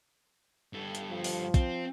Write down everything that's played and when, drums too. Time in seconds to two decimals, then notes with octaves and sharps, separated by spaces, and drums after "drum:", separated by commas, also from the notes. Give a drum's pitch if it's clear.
0.73 G2 A4
0.95 drum: hi-hat
1.10 F3
1.24 drum: open hi-hat
1.54 C4, drum: kick, hi-hat